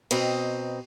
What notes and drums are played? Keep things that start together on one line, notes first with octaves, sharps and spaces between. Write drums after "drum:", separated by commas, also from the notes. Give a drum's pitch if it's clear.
B2 C4 D#5 A#5, drum: cymbal